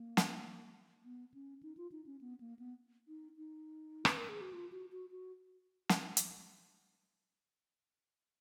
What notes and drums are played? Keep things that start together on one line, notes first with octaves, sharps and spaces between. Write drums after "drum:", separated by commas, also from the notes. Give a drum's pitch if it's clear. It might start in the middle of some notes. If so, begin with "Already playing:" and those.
Already playing: A#3
drum: snare
B3
C#4
D#4
F4
D#4
C#4
B3
A#3
B3
D#4
D#4
B4, drum: rim click
A#4
G#4
F#4
F4
F#4
F#4
F#4
drum: snare
drum: hi-hat